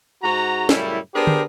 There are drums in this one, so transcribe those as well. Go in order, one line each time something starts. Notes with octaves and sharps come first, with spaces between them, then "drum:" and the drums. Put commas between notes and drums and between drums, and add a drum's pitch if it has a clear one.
G#2 F#4 A#5
F#2 A2 C#3 G3 E4, drum: snare
B3 D4 G4 G#4 A#4 C5
drum: tom